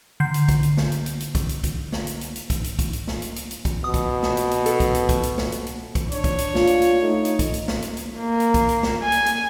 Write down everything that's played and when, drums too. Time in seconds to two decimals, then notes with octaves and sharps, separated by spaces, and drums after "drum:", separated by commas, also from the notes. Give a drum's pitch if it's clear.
0.20 D3 G6 C7
0.34 drum: hi-hat
0.48 drum: kick B1, hi-hat
0.63 drum: hi-hat
0.77 drum: snare
0.92 drum: hi-hat
1.06 drum: hi-hat
1.20 drum: hi-hat
1.35 drum: kick B1, hi-hat
1.49 drum: hi-hat
1.64 drum: kick B1, hi-hat
1.92 drum: snare
2.07 drum: hi-hat
2.21 drum: hi-hat
2.36 drum: hi-hat
2.50 drum: kick B1, hi-hat
2.64 drum: hi-hat
2.79 drum: kick B1, hi-hat
2.93 drum: hi-hat
3.08 drum: snare
3.22 drum: hi-hat
3.36 drum: hi-hat
3.51 drum: hi-hat
3.65 drum: kick B1, hi-hat
3.84 B2 D#6
3.94 drum: kick B1, hi-hat
4.23 drum: snare
4.37 drum: hi-hat
4.51 drum: hi-hat
4.66 A4, drum: hi-hat
4.80 drum: kick B1, hi-hat
4.95 drum: hi-hat
5.09 drum: kick B1, hi-hat
5.23 drum: hi-hat
5.38 drum: snare
5.52 drum: hi-hat
5.67 drum: hi-hat
5.95 drum: kick B1, hi-hat
6.12 D4 C#5, drum: hi-hat
6.24 drum: kick B1, hi-hat
6.38 drum: hi-hat
6.55 F4, drum: snare
6.67 drum: hi-hat
6.82 drum: hi-hat
7.02 A3 D#4
7.25 drum: hi-hat
7.39 drum: kick B1, hi-hat
7.54 drum: hi-hat
7.68 drum: snare
7.82 drum: hi-hat
7.97 drum: hi-hat
8.19 A#3
8.40 drum: hi-hat
8.54 drum: kick B1, hi-hat
8.69 drum: hi-hat
8.83 drum: snare
9.03 G#5
9.12 drum: hi-hat
9.26 drum: hi-hat